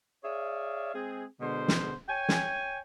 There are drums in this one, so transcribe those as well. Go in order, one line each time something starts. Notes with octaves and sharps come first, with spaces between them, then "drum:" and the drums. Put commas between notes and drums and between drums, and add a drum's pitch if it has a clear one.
G#4 C#5 D5 E5 F5
G#3 C4 G#4
B2 D3 G#3 B3 C5
drum: snare
C#5 G5 G#5
drum: snare